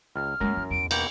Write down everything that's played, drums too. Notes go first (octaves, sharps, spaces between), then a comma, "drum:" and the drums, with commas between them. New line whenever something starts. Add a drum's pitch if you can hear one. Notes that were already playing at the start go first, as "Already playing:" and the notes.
C#2 F6
F#2 G#3 A#3 A#4
E3
E2 D7
B2 A#3 G5 G6, drum: cymbal